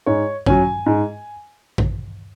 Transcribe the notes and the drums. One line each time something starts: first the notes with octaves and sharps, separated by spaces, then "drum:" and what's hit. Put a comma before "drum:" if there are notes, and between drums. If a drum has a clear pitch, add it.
G#2 C#5
F#3 C#4 G#5, drum: kick A1
G#2
drum: kick A1